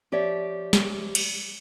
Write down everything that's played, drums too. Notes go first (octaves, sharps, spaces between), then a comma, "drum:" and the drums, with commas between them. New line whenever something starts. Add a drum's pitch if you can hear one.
F3 G4 C#5 D5 E5
drum: snare
drum: cymbal